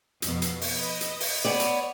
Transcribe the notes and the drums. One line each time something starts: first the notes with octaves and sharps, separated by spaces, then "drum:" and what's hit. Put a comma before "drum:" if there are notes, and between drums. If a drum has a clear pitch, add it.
F2 B2, drum: hi-hat
drum: hi-hat
drum: open hi-hat
B4 D#5
drum: hi-hat
drum: open hi-hat
B3 C#5 D5
drum: hi-hat